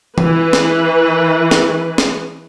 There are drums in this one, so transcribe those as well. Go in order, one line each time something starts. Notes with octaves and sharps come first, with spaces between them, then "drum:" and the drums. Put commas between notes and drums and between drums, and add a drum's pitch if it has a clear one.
E3 B4, drum: tom E3
drum: snare
drum: snare
drum: snare